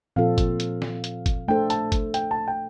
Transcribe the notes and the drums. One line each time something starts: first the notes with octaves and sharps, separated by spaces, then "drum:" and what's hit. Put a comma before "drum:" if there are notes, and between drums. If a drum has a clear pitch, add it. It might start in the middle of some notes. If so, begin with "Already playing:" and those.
A#2 F3 C4 F4 A4 F5
drum: kick G1, hi-hat
drum: hi-hat
drum: snare
drum: hi-hat
drum: kick G1, hi-hat
A3 D4 A4 C5 G5
A5, drum: hi-hat
drum: kick G1, hi-hat
G5, drum: hi-hat
A5
G5